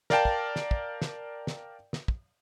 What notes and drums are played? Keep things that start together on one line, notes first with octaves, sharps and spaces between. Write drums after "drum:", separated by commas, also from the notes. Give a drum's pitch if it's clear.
A#4 D5 F5 G5 A5, drum: snare
drum: kick
drum: snare
drum: kick
drum: snare
drum: snare
drum: snare
drum: kick